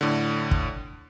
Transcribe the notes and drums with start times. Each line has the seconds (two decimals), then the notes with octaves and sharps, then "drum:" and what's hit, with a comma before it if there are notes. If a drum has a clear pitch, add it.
0.01 A2 D3
0.51 drum: kick